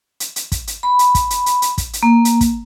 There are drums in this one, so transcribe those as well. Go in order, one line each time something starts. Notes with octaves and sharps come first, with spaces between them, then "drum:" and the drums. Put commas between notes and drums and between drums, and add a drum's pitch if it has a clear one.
drum: hi-hat
drum: hi-hat
drum: kick, hi-hat
drum: hi-hat
B5
drum: hi-hat
drum: kick, hi-hat
drum: hi-hat
drum: hi-hat
drum: hi-hat
drum: kick, hi-hat
drum: hi-hat
A#3
drum: hi-hat
drum: kick, hi-hat